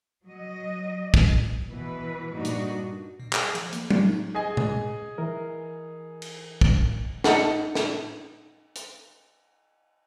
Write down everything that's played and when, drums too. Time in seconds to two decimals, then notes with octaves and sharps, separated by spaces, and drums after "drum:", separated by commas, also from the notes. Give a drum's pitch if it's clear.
0.25 F#3 D#5
1.14 drum: kick
1.70 B2 E3 B4
2.35 G2 A#2 D4 D#4 F#4
2.45 drum: hi-hat
3.20 B2
3.33 G#4, drum: clap
3.55 F3, drum: cymbal
3.72 A#3, drum: hi-hat
3.90 G4, drum: tom F#3
4.04 D#4
4.35 G#4 D#5 G#5
4.57 drum: tom B2
5.18 E3 A#4
6.22 drum: cymbal
6.61 drum: kick
7.24 D#4 A4 F#5, drum: snare
7.75 drum: snare
8.75 drum: hi-hat